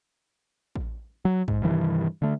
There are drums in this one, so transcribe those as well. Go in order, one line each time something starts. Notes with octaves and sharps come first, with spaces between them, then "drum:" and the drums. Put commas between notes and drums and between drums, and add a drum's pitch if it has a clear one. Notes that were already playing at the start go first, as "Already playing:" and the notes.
drum: kick A1
F#3
G#2, drum: kick A1
G2 C3 D#3 E3
D3 A3